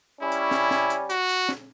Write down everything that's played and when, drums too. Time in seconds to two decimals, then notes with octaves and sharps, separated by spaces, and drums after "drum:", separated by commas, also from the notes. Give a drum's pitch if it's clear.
0.21 G3 C#4 E4
0.32 drum: hi-hat
0.51 drum: snare
0.71 drum: snare
0.90 drum: hi-hat
1.10 F#4, drum: hi-hat
1.29 drum: hi-hat
1.49 drum: snare